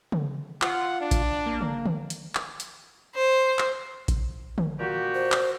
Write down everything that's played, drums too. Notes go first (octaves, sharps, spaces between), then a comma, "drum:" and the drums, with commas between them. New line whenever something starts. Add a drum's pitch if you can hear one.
drum: tom C#3
F4 F#5, drum: clap
D4
drum: kick A1, hi-hat
A#3
drum: tom C#3
drum: tom D3
drum: hi-hat
drum: clap
drum: hi-hat
C5
drum: clap
drum: kick A1, hi-hat
drum: tom D3
A#2 F#4 G4
C5
drum: clap